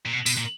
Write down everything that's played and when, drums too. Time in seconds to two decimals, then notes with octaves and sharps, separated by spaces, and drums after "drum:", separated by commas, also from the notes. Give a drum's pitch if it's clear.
0.06 A#2
0.13 B2
0.26 B2, drum: tambourine
0.38 A#2